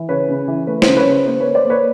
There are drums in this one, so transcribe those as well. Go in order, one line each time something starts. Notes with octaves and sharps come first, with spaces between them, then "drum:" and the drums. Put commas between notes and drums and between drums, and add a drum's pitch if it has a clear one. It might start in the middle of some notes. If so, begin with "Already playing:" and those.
Already playing: E3
C#3 B4 C#5
C#3
E3
A3 B4
C#3 C5, drum: snare
B4 C#5
C#3
C5
A#3 C5
B4 C#5
A#3
C5 D5
A#3 B4 C#5